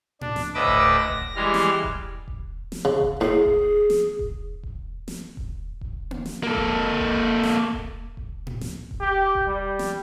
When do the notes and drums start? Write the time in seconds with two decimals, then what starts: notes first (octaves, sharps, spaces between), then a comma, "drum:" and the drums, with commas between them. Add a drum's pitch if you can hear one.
0.21 D4, drum: tom A2
0.36 drum: snare
0.54 D2 A2 B4 D#5 D6 E6
0.65 drum: kick D#1
0.99 A#6
1.10 drum: kick D#1
1.36 E3 G3 G#3 G4 F6
1.54 drum: snare
1.83 drum: kick D#1
2.28 drum: kick D#1
2.72 drum: snare
2.85 C#3
3.01 drum: kick D#1
3.21 A2 G#4
3.46 drum: kick D#1
3.90 drum: snare
4.19 drum: kick D#1
4.63 drum: kick D#1
5.08 drum: snare
5.37 drum: kick D#1
5.81 drum: kick D#1
6.11 drum: tom A#3
6.26 drum: snare
6.43 A#3 A4
6.55 drum: kick D#1
6.99 drum: kick D#1
7.43 drum: snare
7.73 drum: kick D#1
8.17 drum: kick D#1
8.47 drum: tom A2
8.61 drum: snare
8.91 drum: kick D#1
9.01 G4
9.35 drum: kick D#1
9.47 G3
9.79 drum: snare